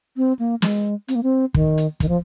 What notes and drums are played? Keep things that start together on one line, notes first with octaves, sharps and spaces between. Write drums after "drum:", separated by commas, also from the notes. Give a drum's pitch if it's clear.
C4
A#3
G#3, drum: snare
C4, drum: hi-hat
A#3
C4
D#3, drum: kick
drum: hi-hat
D#3, drum: kick, hi-hat
F3